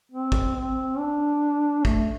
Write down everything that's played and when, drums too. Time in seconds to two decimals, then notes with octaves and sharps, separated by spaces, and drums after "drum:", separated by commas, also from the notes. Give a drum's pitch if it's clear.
0.12 C4
0.32 drum: kick A1
0.55 C4
0.99 D4
1.85 A3, drum: kick A1